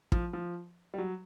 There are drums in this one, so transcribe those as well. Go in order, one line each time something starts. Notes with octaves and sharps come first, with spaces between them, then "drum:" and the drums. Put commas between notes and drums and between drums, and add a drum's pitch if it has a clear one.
F3, drum: kick
F3
G3
F#3